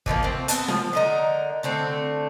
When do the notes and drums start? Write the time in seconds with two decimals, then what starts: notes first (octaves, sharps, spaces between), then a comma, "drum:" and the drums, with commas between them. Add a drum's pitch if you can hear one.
0.06 E3 F3 G3 A#3, drum: kick G#1
0.23 A3 C4
0.48 B3 A5, drum: hi-hat
0.68 F3, drum: snare
0.93 D3 D#4 A#4
1.63 D3 A3 C4